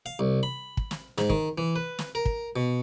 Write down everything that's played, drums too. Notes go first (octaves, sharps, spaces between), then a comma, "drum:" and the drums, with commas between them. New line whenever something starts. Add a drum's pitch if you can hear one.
F5
C2
B5
drum: kick
drum: snare
G#2, drum: snare
D#3, drum: kick
E3
B4
drum: snare
A#4
drum: kick
B2